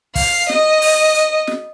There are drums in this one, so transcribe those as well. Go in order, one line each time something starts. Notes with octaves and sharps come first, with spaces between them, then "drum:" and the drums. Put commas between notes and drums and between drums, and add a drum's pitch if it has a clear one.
F5, drum: kick, open hi-hat
D#5, drum: snare
drum: open hi-hat
drum: hi-hat
drum: snare